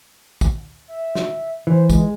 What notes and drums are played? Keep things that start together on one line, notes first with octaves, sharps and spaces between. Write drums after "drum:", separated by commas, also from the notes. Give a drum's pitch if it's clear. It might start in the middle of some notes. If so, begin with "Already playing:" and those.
drum: kick, tambourine
E5
drum: snare
E3 C5
G#3, drum: kick, tambourine